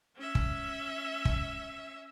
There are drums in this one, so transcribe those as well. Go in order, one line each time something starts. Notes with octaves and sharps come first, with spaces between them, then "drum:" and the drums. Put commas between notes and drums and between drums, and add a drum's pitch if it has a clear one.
C#4 E5
drum: kick
drum: kick